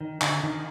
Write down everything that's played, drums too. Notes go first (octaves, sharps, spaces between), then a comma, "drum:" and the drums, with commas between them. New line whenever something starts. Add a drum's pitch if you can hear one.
D#3
D3, drum: clap
D#3